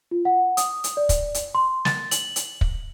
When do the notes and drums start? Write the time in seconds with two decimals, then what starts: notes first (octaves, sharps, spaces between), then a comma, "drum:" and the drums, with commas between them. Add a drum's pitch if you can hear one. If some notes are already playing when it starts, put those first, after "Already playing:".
0.11 F4
0.25 F#5
0.57 D#6, drum: hi-hat
0.84 drum: hi-hat
0.97 D5
1.09 drum: kick, hi-hat
1.34 drum: hi-hat
1.55 C6
1.85 A6, drum: snare
2.11 F#7, drum: hi-hat
2.36 drum: hi-hat
2.61 drum: kick